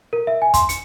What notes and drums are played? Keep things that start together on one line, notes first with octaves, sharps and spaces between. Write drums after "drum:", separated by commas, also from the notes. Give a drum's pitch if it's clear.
A#4
E5
G#5
C6, drum: kick, hi-hat
C#7, drum: hi-hat